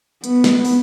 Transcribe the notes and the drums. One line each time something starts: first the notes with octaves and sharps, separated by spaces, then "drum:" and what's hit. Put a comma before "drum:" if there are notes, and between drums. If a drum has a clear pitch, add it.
B3, drum: hi-hat
drum: snare
drum: open hi-hat